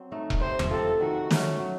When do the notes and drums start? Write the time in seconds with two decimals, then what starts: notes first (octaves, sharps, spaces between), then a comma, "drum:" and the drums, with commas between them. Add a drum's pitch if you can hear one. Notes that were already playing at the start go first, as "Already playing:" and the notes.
Already playing: F#3 C4
0.12 A3 D#4
0.30 drum: kick E1
0.41 C3 C5
0.59 drum: tom E2
0.70 F3 C4 A4
1.01 D#3 F#4
1.31 F#3 A3 C#4, drum: snare
1.60 F#3